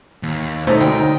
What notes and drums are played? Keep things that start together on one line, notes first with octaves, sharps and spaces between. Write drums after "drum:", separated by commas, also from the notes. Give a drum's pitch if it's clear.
D#2
A3 D#4 C5 C#5, drum: tom B2
D2 G5, drum: tambourine
D#4